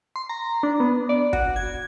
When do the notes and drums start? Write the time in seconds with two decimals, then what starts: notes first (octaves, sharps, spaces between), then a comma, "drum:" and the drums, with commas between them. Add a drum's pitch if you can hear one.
0.16 C6
0.29 A#5
0.63 D4
0.80 B3
1.09 D5
1.33 F#4, drum: kick
1.56 G#6